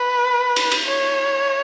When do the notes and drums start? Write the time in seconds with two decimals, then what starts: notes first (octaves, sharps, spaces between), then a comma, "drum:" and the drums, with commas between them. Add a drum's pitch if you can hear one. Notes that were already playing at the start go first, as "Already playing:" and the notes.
Already playing: B4
0.56 drum: cymbal
0.72 drum: cymbal
0.85 C#5